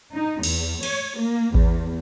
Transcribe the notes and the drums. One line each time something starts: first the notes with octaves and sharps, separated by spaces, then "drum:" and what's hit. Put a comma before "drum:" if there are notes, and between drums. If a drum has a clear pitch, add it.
D#4
E2, drum: cymbal
C#5, drum: cymbal
A#3
E2, drum: kick A1